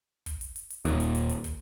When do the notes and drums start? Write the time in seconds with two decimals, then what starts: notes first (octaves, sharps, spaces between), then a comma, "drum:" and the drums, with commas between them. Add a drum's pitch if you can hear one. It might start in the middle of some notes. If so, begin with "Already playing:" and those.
0.26 drum: kick, hi-hat
0.41 drum: hi-hat
0.56 drum: hi-hat
0.70 drum: hi-hat
0.85 D#1 D#2, drum: hi-hat
1.00 drum: hi-hat
1.15 drum: hi-hat
1.29 drum: hi-hat
1.44 drum: kick, hi-hat